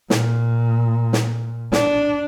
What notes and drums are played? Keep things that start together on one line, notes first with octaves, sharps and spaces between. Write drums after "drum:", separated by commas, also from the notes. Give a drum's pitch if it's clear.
A#2, drum: snare
drum: snare
D4, drum: snare